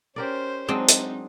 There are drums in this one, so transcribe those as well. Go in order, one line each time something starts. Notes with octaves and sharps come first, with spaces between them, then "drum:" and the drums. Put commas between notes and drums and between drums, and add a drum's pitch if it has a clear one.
C#4 G4 A#4 C5 D5
F#3 G#3 C4 D4 D#4
drum: hi-hat